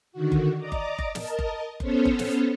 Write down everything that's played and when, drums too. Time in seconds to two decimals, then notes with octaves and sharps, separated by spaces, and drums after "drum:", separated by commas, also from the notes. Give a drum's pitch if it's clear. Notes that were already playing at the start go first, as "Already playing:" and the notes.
0.12 D3 D#3 F#4
0.32 drum: kick F#1
0.58 D5 D#5 A#5 D6
0.72 drum: kick F#1
0.99 drum: kick F#1
1.15 A#4 D#5 A5, drum: snare
1.39 drum: kick F#1
1.80 B3 C#4 A4 C5 C#5, drum: kick F#1
2.05 drum: kick F#1
2.19 drum: snare